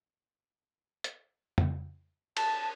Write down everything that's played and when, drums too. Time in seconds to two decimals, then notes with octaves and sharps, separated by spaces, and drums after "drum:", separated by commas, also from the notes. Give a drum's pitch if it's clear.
1.04 drum: hi-hat
1.58 drum: tom F2
2.37 A5, drum: cymbal